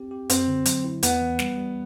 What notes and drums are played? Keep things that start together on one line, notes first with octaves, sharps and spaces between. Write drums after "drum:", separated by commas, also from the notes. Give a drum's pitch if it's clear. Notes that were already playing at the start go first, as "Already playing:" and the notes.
Already playing: C4 G4
G4
F#2 C4, drum: hi-hat
D3
F#3, drum: hi-hat
E4
E2 B3, drum: hi-hat
E3
G3, drum: snare
G3